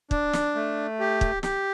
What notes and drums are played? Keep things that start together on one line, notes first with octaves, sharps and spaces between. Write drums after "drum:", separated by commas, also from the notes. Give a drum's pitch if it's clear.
D4, drum: kick
drum: snare
A3
G4
drum: kick
G4, drum: snare